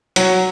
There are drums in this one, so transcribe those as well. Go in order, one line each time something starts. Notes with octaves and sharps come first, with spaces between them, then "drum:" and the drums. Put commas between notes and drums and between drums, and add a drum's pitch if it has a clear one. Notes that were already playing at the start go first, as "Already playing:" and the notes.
F#3, drum: hi-hat